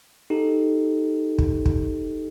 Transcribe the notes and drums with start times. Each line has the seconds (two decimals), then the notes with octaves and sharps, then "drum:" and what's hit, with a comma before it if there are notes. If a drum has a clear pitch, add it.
0.30 D#4 G4 A4
1.38 drum: kick
1.66 drum: kick